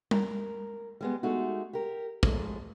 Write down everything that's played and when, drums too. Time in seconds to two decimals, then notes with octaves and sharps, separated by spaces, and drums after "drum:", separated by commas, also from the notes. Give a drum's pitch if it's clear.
0.11 A#4, drum: tom G3
1.01 G3 G#3 B3
1.23 G#3 A3 D#4 F#4
1.73 G4 A#4
2.23 G#2 F3 G#3 A3, drum: kick